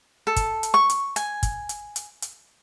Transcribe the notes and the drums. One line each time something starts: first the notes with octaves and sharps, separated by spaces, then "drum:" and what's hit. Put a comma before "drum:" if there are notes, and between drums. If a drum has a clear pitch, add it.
A4
drum: kick, hi-hat
drum: hi-hat
C#6
drum: hi-hat
G#5, drum: hi-hat
drum: kick, hi-hat
drum: hi-hat
drum: hi-hat
drum: hi-hat